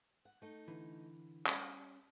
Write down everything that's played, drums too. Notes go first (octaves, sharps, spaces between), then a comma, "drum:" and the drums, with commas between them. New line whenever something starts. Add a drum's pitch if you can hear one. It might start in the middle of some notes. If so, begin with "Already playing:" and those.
F#5
A3 D#4
D3 E3
G3 C#4, drum: clap